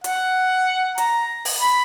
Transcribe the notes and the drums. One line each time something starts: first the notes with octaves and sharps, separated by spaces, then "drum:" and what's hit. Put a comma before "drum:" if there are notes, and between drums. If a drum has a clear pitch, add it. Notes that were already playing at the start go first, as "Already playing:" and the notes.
F#5, drum: hi-hat
A#5, drum: hi-hat
drum: open hi-hat
B5